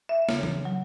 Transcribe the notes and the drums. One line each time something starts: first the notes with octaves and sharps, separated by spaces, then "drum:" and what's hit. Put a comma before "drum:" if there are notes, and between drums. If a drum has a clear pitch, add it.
E5
C#3, drum: snare
drum: tom E3
F#3